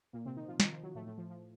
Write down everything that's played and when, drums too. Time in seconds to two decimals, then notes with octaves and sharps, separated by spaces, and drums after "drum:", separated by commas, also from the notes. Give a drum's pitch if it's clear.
0.13 A#2 A#3
0.25 C3 C4
0.36 D#3 D#4
0.48 F3 F4
0.60 D#3 D#4, drum: snare
0.72 F3
0.83 F#3
0.95 A2 A3
1.07 A2 A3
1.18 F3
1.30 F3